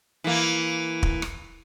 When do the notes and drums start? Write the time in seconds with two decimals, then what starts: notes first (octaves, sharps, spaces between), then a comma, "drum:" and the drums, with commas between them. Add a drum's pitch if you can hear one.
0.24 E3 A#3
1.03 drum: kick
1.22 drum: rim click